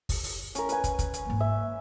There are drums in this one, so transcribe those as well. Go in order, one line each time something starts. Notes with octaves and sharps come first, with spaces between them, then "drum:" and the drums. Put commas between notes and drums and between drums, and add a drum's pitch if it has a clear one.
drum: kick, open hi-hat
drum: open hi-hat
C#4 A#4, drum: hi-hat
B4 G#5, drum: hi-hat
drum: kick, hi-hat
drum: kick, hi-hat
drum: hi-hat
G#2 A#3
E5